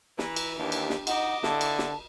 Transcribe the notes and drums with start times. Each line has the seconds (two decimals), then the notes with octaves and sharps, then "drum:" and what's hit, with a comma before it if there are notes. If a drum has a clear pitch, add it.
0.19 E3 B4 A#5, drum: snare
0.36 drum: cymbal
0.59 D#2 D4 G4
0.72 drum: cymbal
0.90 drum: snare
1.07 D#4 D#5 F#5 D6, drum: cymbal
1.43 A2 D3 A#3 E4 A5, drum: snare
1.61 drum: cymbal
1.79 drum: snare